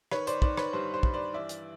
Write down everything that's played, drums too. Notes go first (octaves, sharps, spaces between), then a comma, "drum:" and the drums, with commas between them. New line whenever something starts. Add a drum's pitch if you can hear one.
D#3 B4 C#5, drum: rim click
C5 D5, drum: hi-hat
D#3 C5 D5, drum: kick
B4 C#5, drum: rim click
G2 C5
C5
G2, drum: kick
C5 D5
E3 D5 E5
drum: hi-hat